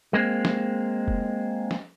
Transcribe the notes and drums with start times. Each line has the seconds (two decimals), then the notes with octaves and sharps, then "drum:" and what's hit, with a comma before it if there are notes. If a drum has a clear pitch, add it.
0.13 G#3 A#3 C4
0.45 drum: snare
1.08 drum: kick
1.71 drum: snare